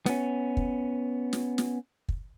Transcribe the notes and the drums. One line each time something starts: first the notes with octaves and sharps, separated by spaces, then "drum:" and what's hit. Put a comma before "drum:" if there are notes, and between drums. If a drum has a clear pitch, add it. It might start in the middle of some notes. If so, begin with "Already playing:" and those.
B3 C#4, drum: snare
drum: kick
drum: snare
drum: snare
drum: kick